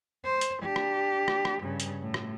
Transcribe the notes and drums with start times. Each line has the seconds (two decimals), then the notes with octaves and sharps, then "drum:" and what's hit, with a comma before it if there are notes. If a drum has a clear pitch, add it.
0.24 C5
0.41 drum: hi-hat
0.63 D4 G4
0.76 drum: rim click
1.28 drum: rim click
1.45 drum: rim click
1.62 G2 C#3
1.80 drum: hi-hat
2.02 A2
2.14 drum: rim click